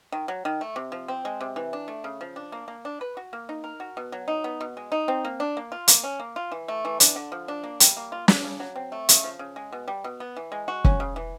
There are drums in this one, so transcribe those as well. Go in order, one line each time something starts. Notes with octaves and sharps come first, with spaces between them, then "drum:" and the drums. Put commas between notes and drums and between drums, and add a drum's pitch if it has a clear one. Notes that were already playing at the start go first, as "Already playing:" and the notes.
D#3
F#3
D#3
A3
C3
F3
C4
G#3
C3
E3
D4
A3
C#3
F3
D4
A#3
A#3
D4
B4
F#4
A#3
D#4
A#4
F#4
B2
F#3
D#4
B3
B2
G#3
D#4
C4
A#3
D4
A#3
F4
A#3, drum: hi-hat
C#4
A#3
F4
E3
A3
E3
D4, drum: hi-hat
D3
F3
D4
A#3
G3, drum: hi-hat
A#3
F4
D4, drum: snare
C#3
F#3
C4
A3
C#3, drum: hi-hat
F3
C#3
G#3
B2
G3
B2
B3
E3
G#3
F#4
C#4, drum: kick
C#3
E3